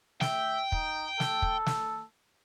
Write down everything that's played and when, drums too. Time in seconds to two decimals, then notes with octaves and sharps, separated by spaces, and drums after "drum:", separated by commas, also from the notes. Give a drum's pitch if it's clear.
0.21 E5 G5, drum: snare
0.72 D#4, drum: kick
1.20 A4, drum: snare
1.42 drum: kick
1.66 drum: snare